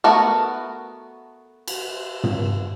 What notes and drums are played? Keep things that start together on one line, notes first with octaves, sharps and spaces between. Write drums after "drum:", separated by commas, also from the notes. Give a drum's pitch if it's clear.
A3 B3 F#4 A#4
drum: cymbal
drum: tom